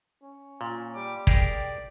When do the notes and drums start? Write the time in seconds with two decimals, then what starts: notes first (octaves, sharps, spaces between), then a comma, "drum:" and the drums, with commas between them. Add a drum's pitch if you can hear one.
0.23 C#4
0.61 A#2
0.95 G3 D6
1.27 G4 G#4 A#4 D5 G5, drum: kick